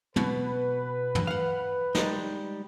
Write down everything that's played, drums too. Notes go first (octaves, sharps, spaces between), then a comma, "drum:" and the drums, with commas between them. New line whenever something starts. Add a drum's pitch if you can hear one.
B2 B4, drum: tom
drum: tom
F5 F#5
G3 G#3 D#4, drum: snare